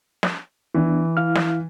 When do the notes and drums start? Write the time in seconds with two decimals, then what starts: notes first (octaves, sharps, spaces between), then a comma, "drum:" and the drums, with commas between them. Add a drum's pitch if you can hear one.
0.23 drum: snare
0.75 E3 B3 D4
1.17 E4 F5 F6
1.35 drum: snare